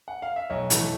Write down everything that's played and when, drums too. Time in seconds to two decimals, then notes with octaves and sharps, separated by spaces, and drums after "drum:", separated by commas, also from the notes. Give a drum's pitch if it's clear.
0.08 F#5
0.22 F5
0.36 E5
0.50 B1 C#5 D#5
0.70 A2 E3 A3, drum: hi-hat